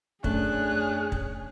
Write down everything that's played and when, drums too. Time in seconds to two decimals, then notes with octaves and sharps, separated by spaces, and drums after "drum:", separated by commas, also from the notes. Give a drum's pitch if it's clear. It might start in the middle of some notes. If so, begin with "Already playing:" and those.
0.24 F#2 A3 C#4 D4 G#4 C#5 F#6, drum: kick
1.12 drum: kick